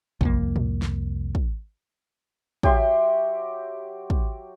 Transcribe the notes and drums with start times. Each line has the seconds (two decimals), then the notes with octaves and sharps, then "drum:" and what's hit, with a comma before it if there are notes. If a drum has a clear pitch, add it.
0.21 C2 F2 A#3, drum: kick
0.56 drum: tom A2
0.82 drum: snare
1.35 drum: kick
2.63 F#3 G4 E5 C6, drum: kick
4.10 drum: kick